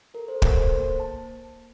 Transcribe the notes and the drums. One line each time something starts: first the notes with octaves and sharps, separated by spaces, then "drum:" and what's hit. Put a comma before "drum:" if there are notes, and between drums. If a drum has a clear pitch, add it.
A4 A#4
C5
A4
A#4, drum: kick
A#3 C5
A#3
A#3 A5